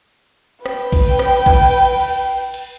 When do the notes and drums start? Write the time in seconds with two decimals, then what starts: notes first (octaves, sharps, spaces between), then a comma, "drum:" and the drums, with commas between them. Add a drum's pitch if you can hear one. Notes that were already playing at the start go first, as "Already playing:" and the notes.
0.66 B4 G5, drum: rim click
0.92 drum: kick A#1, cymbal
1.19 drum: rim click
1.46 drum: kick A#1, cymbal
2.00 drum: cymbal
2.54 drum: cymbal